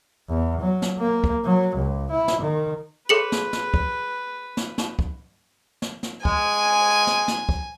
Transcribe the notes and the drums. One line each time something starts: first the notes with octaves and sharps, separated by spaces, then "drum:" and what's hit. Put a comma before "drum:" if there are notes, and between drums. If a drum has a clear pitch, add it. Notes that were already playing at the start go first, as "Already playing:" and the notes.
E2
F#3
drum: snare
A#3
drum: kick
F#3
C#2
E4
drum: snare
D#3
G#4 A4 B4 C#5 C6 C#7 F#7
drum: snare
drum: snare
drum: kick
drum: snare
drum: snare
drum: kick
drum: snare
drum: snare
G#3 G#5, drum: kick
drum: snare
drum: snare
drum: kick